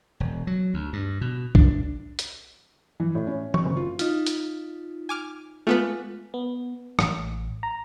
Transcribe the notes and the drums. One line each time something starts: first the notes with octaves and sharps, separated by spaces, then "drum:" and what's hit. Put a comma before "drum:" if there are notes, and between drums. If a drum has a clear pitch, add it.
E1
F#3
D2
G2
B2
D4, drum: kick B1
drum: hi-hat
E3
A2
C#4
C#6, drum: tom E3
F#1
F4
D#4 F4, drum: hi-hat
drum: hi-hat
G#5 D6 F6
G#3 A3 B3 F4 B4
B3
A1, drum: rim click
A#5